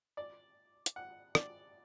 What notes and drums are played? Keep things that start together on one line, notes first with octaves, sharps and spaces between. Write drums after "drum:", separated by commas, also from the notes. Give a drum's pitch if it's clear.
D5
drum: hi-hat
F#5
D5, drum: rim click